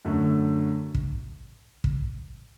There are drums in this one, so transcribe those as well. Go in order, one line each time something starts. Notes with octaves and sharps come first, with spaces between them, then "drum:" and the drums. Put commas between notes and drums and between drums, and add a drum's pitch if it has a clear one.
F#2 D3 A3
drum: kick
drum: kick